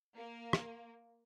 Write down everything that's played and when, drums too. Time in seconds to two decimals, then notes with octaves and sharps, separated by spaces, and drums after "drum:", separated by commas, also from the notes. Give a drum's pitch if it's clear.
0.14 A#3
0.53 drum: rim click